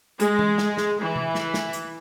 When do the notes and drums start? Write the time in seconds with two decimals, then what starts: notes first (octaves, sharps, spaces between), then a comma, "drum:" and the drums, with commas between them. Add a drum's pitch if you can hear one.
0.20 G#3, drum: hi-hat
0.39 drum: tom E3
0.58 drum: snare
0.77 drum: snare
1.01 E3
1.16 drum: tom C3
1.35 drum: snare
1.54 drum: snare
1.73 drum: hi-hat